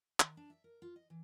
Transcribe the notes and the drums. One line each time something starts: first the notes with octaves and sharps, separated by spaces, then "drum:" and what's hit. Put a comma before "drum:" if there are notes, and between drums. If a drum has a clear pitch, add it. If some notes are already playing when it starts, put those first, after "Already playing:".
D#3, drum: clap
D4
E5
A#4
F4
D#5
E3